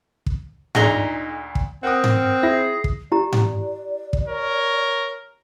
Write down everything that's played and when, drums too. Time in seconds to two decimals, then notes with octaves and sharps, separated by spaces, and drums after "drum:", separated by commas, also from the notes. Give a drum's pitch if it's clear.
0.26 drum: kick
0.75 D2 A#2 D#4 G#4 A#5, drum: tom G#2
1.55 drum: kick
1.83 C4 A#4 F#5 G5 D#6
2.04 drum: tom G#2
2.43 E4 G#4 A#6
2.84 drum: kick
3.12 E4 G4 D5 A#5
3.33 drum: tom G#2
4.13 drum: kick
4.28 A#4 C#5